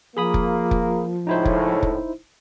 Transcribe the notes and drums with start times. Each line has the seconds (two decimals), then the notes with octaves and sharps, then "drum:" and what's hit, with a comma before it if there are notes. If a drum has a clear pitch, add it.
0.17 F3 A#3 G#4 B5 D#6
0.34 drum: kick F1
0.71 drum: kick F1
1.27 C#2 A2 D#4 E4 C5
1.45 drum: kick F1
1.83 drum: kick F1